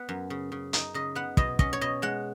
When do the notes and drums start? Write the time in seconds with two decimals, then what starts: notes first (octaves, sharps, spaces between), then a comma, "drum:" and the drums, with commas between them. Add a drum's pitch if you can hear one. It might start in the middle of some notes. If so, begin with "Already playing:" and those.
Already playing: B3 F#5
0.09 F#2
0.30 C#3
0.52 C#3
0.73 D#4, drum: hi-hat
0.94 C#3 D#5
1.15 B3 F#5
1.37 B2 D#5, drum: kick
1.59 C#4 D#5, drum: kick
1.73 C#5
1.81 B2 D#5
2.02 G#3 F#5